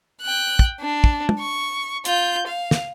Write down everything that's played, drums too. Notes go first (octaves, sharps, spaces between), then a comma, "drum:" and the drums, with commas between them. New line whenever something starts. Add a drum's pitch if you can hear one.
G5 F#6
drum: kick
D4
drum: kick
drum: tom
C#6
F4 G6, drum: hi-hat
F5
drum: snare